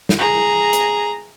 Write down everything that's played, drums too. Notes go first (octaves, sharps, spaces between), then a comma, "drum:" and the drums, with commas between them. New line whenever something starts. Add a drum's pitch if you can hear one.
drum: snare
G#4 A#5
drum: hi-hat